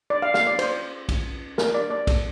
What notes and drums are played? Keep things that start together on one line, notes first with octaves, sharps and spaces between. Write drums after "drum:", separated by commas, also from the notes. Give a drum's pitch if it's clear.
D5
F5
F5, drum: snare
D5
C5, drum: cymbal
drum: kick, cymbal
A#4, drum: snare
D5
D5
drum: kick, cymbal